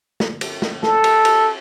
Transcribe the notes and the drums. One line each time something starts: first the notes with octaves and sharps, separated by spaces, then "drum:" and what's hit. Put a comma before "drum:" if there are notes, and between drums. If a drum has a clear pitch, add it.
drum: snare
drum: cymbal
drum: snare
A4, drum: snare
drum: cymbal
drum: cymbal